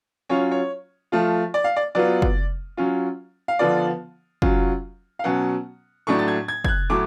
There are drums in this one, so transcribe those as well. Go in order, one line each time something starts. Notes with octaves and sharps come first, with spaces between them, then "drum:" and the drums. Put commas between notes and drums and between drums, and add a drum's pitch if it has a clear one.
F#3 C#4 F4 C#5
C#5
F3 A3 F4
D5
F5
D5
F#3 B3 F4 D5
drum: kick
F#3 C#4 F4
F5
D3 F3 B3 F4 D5
F#3 C#4 F4, drum: kick
F5
B2 F#3 C#4 F#5
A2 F#3 A3 D4 C#6
A6
G#6
G#6
G#6, drum: kick
F#6
A2 F#3 A3 D6